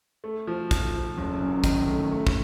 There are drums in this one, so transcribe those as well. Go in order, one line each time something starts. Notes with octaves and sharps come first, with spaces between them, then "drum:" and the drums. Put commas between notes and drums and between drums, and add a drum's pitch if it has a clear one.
A3
F3
F3, drum: kick, hi-hat
F3
F#1
F#2
D#3, drum: kick, hi-hat
A3
A3
drum: kick